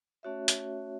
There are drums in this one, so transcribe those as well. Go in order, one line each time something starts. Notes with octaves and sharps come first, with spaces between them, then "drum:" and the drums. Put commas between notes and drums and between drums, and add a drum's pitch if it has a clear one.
A3 C#4 F#4 C#5 E5
drum: hi-hat